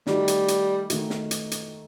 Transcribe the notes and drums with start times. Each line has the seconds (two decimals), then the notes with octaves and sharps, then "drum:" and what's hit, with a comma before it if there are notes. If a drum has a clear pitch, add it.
0.07 D#3 G3 A3 D#4 F#4, drum: snare
0.28 drum: hi-hat
0.48 drum: hi-hat
0.90 D#3 A3 D#4 F#4, drum: hi-hat
1.10 drum: snare
1.31 drum: hi-hat
1.51 drum: hi-hat